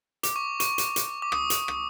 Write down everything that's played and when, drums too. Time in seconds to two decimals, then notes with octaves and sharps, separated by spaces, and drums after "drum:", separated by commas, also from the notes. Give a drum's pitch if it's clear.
0.23 D6, drum: hi-hat
0.36 C#6
0.60 C#6, drum: hi-hat
0.78 drum: hi-hat
0.96 drum: hi-hat
1.22 D6
1.32 D#6, drum: rim click
1.50 drum: hi-hat
1.68 drum: rim click